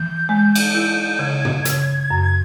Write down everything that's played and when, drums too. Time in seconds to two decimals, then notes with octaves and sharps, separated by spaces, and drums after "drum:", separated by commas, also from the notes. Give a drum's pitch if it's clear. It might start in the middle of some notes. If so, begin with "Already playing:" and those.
Already playing: E3 G6
0.29 G#3
0.55 drum: cymbal
0.75 E4
1.19 C#3 G#6
1.45 drum: tom
1.65 C#3, drum: hi-hat
2.10 F#2